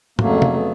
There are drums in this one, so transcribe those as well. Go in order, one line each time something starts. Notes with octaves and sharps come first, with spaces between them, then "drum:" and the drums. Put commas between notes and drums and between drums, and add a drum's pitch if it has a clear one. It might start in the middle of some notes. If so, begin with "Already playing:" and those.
F2 C#3 F#3 A3 A#3, drum: tom
drum: tom
B3